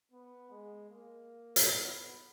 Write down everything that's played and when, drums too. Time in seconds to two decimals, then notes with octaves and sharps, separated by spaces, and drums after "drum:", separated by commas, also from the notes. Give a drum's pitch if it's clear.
0.12 B3
0.51 G#3
0.90 A#3
1.56 drum: hi-hat
1.69 B3